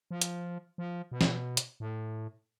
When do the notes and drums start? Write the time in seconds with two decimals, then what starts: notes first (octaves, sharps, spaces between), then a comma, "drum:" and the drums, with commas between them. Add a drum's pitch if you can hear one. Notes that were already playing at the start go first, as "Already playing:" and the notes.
0.11 F3
0.21 drum: hi-hat
0.78 F3
1.12 B2
1.21 drum: snare
1.57 drum: hi-hat
1.80 A2